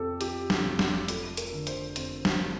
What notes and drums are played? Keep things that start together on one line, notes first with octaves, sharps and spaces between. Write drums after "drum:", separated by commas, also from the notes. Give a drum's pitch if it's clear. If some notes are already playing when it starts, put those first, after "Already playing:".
Already playing: F2 C3 G4 A4
F3 G4, drum: hi-hat
drum: snare F#3
F1
drum: snare F#3
F3 A4, drum: hi-hat
A#4, drum: hi-hat
D3
C5, drum: hi-hat
F2 C5, drum: hi-hat
drum: snare F#3